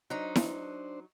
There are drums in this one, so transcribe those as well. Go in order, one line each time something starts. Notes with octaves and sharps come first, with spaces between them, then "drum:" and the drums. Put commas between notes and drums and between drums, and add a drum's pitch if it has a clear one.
F#3 D4 D#4 C5
drum: snare E4